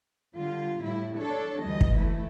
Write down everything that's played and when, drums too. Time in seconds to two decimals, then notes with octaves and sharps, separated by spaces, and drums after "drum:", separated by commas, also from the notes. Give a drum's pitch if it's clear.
0.36 D3 G3 F4
0.82 A2 G3 E4
1.17 D4 A4 C#5
1.62 D2 E3 G3 D#5
1.81 drum: kick
1.94 A3 E4